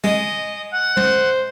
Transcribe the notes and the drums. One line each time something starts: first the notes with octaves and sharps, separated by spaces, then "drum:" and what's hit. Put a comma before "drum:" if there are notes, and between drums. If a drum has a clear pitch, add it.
G#3 D#5, drum: tom
F#5
C5, drum: tom